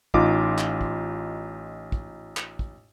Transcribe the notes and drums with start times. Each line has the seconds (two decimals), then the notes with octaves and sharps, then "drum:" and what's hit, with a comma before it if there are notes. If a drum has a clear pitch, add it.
0.14 A1 D#4 F4 D6, drum: kick
0.58 drum: clap
0.81 drum: kick
1.92 drum: kick
2.37 drum: clap
2.59 drum: kick